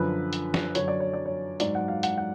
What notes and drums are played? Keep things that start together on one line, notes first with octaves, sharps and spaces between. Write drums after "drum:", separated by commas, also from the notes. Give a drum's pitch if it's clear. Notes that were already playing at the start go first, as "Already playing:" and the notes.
Already playing: F#2 D3 F3 B4
drum: hi-hat
drum: snare
F#2 D3 F#3 C#5, drum: hi-hat
D5
C#5
D5
C#5
G#2 F#3 D5, drum: hi-hat
F#5
F5
F#5, drum: hi-hat
F#5